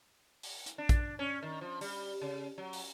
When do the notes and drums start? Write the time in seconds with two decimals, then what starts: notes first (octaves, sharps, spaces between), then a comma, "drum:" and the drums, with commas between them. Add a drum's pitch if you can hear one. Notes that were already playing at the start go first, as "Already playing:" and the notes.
0.43 drum: open hi-hat
0.66 drum: hi-hat
0.78 D4
0.89 drum: kick, hi-hat
1.19 C#4
1.43 D#3
1.61 F3
1.81 G3, drum: open hi-hat
2.21 C#3
2.58 F#3
2.73 drum: open hi-hat